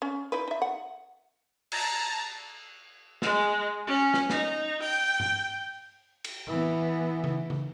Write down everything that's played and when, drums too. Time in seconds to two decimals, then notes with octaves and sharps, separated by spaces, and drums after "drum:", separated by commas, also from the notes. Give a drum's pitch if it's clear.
0.02 C#4
0.32 D#4 E4 B4
0.48 D#4 E5
0.62 F#5
1.72 A5 A#5, drum: cymbal
3.22 G#3, drum: snare
3.87 C#4
4.14 drum: snare
4.30 D#4, drum: snare
4.82 G5, drum: open hi-hat
5.20 drum: tom G2
6.24 drum: cymbal
6.47 E3 B3
7.24 drum: tom C#3
7.50 drum: tom C#3